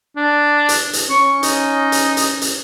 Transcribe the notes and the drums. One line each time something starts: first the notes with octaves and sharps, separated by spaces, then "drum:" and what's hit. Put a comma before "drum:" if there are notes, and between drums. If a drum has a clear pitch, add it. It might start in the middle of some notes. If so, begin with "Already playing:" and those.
D4
drum: hi-hat
drum: hi-hat
C#4 C#6
D#4, drum: hi-hat
drum: hi-hat
drum: hi-hat
drum: hi-hat